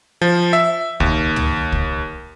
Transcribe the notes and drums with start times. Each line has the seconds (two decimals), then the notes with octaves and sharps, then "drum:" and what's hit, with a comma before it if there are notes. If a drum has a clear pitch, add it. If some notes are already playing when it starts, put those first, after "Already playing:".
0.21 F3
0.53 E5
1.00 D#2, drum: kick
1.36 drum: tom
1.72 drum: kick